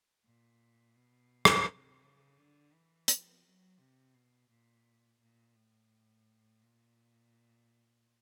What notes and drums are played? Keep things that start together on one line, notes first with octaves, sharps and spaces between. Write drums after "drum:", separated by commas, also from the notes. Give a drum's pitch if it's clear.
A#2
B2
drum: rim click
C3
C#3
D3
E3
F3, drum: hi-hat
F#3
C3
B2
A#2
A#2
A2
A#2